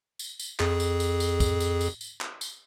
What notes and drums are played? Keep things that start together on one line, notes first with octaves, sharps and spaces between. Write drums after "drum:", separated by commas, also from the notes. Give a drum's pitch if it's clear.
drum: tambourine
drum: tambourine
F2 G#4, drum: clap
drum: tambourine
drum: tambourine
drum: tambourine
drum: kick, tambourine
drum: tambourine
drum: tambourine
drum: tambourine
drum: clap
drum: tambourine